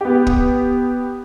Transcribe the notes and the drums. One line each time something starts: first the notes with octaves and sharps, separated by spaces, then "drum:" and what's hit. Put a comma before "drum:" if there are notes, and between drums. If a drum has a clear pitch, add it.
B3 G4
drum: kick